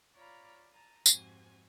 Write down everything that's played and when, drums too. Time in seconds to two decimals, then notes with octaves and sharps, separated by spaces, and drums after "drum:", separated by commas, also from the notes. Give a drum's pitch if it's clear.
0.16 F4 C#5 D5 F5 A#5 B5
0.73 A5 A#5 D#6
1.06 F2 G#2 C4 F#4 G4 G#5, drum: tambourine